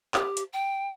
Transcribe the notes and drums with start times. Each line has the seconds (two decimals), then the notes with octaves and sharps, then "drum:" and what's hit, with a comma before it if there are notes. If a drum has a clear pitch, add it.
0.14 G4, drum: clap
0.37 drum: hi-hat
0.53 G5